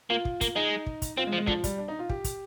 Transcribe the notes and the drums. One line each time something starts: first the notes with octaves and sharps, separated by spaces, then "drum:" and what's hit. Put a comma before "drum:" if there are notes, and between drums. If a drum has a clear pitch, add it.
A#3 F4
drum: kick
A#3, drum: kick, hi-hat
G#3 D#4
drum: kick
drum: kick, hi-hat
C4 F4
G#3
F3
G#3
D3 F3, drum: kick
G3, drum: kick, hi-hat
D4
D#4
F4
G4, drum: kick
drum: kick, hi-hat